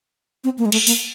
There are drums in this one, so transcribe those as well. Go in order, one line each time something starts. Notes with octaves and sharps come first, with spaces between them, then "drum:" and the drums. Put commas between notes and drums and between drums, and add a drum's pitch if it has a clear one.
C4
A#3
G#3
A3, drum: cymbal
A#3, drum: open hi-hat